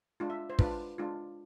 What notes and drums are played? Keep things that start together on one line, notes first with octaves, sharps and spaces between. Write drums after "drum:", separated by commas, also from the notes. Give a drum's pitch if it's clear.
G#3 D4 F4
E5
C5
G#3 D4 F4 B4, drum: kick
G#3 D4 F4